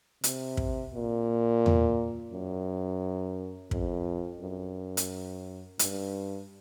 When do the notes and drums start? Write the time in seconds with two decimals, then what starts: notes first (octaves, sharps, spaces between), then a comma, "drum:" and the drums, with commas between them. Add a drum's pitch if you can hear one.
0.24 C3, drum: hi-hat
0.57 drum: kick
0.94 A#2
1.66 drum: tom E2
2.32 F#2
3.71 F2, drum: kick
4.40 F#2
4.97 drum: hi-hat
5.79 G2, drum: hi-hat